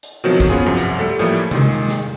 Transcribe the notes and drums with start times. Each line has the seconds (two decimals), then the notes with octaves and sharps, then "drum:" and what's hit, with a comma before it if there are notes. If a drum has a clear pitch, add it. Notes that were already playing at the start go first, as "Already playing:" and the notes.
0.03 drum: hi-hat
0.24 B2 D#3 F3 F#3 A3 C4
0.40 drum: kick, hi-hat
0.49 B3 C#4 F4 F#4 G#4
0.66 C2 F#2 F3
0.77 drum: hi-hat
0.99 G3 A3 A4
1.19 A2 E3 F3 G3 A3 A#3
1.51 A#2 D#3 G#3, drum: tom C3
1.88 drum: snare